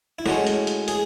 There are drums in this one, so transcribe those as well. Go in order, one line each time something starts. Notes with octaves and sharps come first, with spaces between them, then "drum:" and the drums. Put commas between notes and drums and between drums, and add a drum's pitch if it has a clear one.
E4
A2 G#3 C#4 F#4, drum: snare
drum: hi-hat
drum: hi-hat
G#4, drum: hi-hat